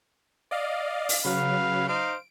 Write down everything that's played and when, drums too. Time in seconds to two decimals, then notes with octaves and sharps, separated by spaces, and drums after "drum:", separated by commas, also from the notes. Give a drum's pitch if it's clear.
0.51 D5 D#5 F5
1.09 drum: open hi-hat
1.25 C#3 F#3 B4 F5
1.88 D#4 C5 F5 D7